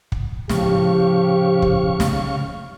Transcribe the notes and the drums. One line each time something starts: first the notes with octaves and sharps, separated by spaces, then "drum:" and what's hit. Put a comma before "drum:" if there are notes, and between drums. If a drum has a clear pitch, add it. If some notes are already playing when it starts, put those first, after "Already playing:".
drum: kick
A2 C#3 F3 G4 F5 C#6, drum: snare
drum: kick
drum: snare